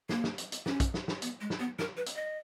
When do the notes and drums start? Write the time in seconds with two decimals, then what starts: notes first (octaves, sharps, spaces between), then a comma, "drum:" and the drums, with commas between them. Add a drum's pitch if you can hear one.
0.09 A#3, drum: snare
0.24 drum: snare
0.38 drum: hi-hat
0.52 drum: hi-hat
0.66 C#4, drum: snare
0.80 drum: kick A#1, hi-hat
0.94 drum: snare
1.08 drum: snare
1.22 B3, drum: hi-hat
1.41 G#3
1.50 drum: snare
1.59 B3
1.79 A#4, drum: snare
1.97 B4
2.06 drum: hi-hat
2.15 D#5